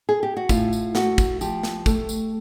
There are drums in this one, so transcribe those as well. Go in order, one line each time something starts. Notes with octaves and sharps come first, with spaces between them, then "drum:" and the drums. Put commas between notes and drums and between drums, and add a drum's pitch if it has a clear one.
G#4
G4
F#4
A2 F4, drum: kick, tambourine
drum: tambourine
A3 F#4, drum: snare
drum: kick, tambourine
F3 G4, drum: tambourine
drum: snare
A3, drum: kick, tambourine
drum: tambourine